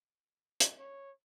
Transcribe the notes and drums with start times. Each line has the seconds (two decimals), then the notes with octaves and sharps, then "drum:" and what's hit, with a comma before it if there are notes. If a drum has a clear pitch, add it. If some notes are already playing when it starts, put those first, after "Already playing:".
0.60 drum: hi-hat
0.79 C#5